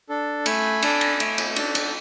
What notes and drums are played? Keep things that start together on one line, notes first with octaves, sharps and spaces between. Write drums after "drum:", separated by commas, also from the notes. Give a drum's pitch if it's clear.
D4 A4
A3 G#5 B5, drum: cymbal
D4 A4, drum: cymbal
drum: cymbal
A3, drum: cymbal
drum: cymbal
D4 A4, drum: cymbal
drum: cymbal